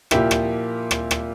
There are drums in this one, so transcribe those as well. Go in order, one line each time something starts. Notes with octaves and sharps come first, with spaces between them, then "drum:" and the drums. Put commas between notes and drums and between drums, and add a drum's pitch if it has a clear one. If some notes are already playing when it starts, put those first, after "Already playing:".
A#2 F3 A#3 E4 G4, drum: rim click
drum: rim click
drum: rim click
drum: rim click